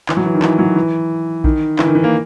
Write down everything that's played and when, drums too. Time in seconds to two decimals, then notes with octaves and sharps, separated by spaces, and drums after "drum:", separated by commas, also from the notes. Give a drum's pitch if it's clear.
0.09 E3, drum: clap
0.17 F#3
0.26 E3
0.34 D#3
0.42 E3, drum: clap
0.59 F#3
0.76 E3
1.44 D#3, drum: kick A#1
1.79 E3, drum: clap
1.87 D#3
1.95 E3
2.04 A#3